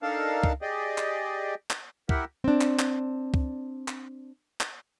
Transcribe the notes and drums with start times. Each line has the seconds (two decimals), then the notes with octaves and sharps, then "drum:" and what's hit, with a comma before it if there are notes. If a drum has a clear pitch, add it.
0.02 D4 D#4 A4 A#4 F5 A5
0.44 drum: kick
0.62 G4 G#4 D5 D#5
0.98 drum: clap
1.70 drum: clap
2.09 E4 G4 A#4 E5 F#5, drum: kick
2.44 C4 D4
2.61 drum: clap
2.79 drum: clap
3.34 drum: kick
3.88 drum: clap
4.61 drum: clap